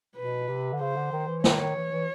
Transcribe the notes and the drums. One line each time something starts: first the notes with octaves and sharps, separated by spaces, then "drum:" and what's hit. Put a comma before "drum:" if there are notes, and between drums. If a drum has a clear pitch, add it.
B2 B4
C3
D3
C#3 C5
D3
D#3
E3
D#3 C#5, drum: snare
D#3
E3
E3